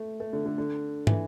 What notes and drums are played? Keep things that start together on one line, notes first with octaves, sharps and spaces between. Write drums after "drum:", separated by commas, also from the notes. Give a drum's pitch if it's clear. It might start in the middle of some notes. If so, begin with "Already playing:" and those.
Already playing: A3
A3
D3
D3
D3
E3, drum: tom